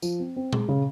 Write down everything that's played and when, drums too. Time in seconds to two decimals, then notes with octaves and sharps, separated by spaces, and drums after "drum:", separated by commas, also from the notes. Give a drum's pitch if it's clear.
0.02 F3, drum: tambourine
0.20 C4
0.36 C4
0.53 G#3, drum: tom A#2
0.68 C#3